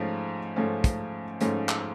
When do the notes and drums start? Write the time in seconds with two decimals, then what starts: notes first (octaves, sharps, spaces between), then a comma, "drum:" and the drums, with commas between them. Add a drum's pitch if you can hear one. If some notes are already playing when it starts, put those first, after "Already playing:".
Already playing: G#2 F3 A3 C#4
0.56 G#2 F3 A3 C#4
0.84 drum: kick, hi-hat
1.41 G#2 F3 A3 C#4, drum: hi-hat
1.69 drum: clap